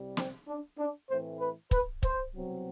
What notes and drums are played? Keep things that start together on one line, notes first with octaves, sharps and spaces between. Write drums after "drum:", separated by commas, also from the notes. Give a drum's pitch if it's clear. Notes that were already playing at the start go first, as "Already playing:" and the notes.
Already playing: C2 C3 G3
C4, drum: snare
D4
D4
A2 E3 A3 C4 C5
B4
B4, drum: kick
C5, drum: kick
C2 B2 F#3 C4